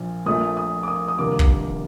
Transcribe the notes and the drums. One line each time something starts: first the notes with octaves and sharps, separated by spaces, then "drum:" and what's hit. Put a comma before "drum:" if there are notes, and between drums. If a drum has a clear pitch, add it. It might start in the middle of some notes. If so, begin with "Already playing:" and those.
Already playing: A#1 A#2 F3
A#1 A#2 F3 A3 D#6
D#6
D6
D#6
D#6
F1 D#2 D3 G3 A#3 D6
drum: kick